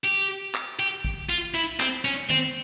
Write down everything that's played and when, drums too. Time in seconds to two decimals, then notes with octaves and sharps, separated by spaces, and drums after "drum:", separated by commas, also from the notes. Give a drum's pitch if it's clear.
0.05 G4
0.54 drum: clap
0.80 G4
1.04 drum: kick
1.30 F4
1.55 E4
1.80 C4, drum: clap
2.05 C#4
2.30 C4, drum: tom